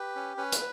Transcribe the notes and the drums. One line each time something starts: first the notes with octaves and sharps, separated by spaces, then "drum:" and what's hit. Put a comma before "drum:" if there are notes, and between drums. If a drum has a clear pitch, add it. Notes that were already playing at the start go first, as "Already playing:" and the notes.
Already playing: G4 B4
C#4
C#4 B4
drum: hi-hat